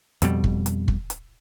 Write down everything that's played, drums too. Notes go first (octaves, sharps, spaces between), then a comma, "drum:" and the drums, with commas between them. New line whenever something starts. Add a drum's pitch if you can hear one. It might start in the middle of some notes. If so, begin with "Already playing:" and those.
F2 B2 G3, drum: hi-hat
drum: kick
drum: hi-hat
drum: kick
drum: hi-hat